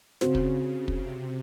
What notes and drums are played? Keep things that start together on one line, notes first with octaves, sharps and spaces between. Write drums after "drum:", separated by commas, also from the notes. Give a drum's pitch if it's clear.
C#3 C4 F#4 C5, drum: snare
drum: kick
drum: kick
C3